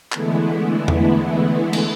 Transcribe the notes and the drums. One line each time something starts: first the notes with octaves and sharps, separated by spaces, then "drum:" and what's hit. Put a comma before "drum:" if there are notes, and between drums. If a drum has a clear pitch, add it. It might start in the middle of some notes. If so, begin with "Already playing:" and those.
D3 E3 G#3 A3 B3 E4, drum: clap
drum: tom
drum: cymbal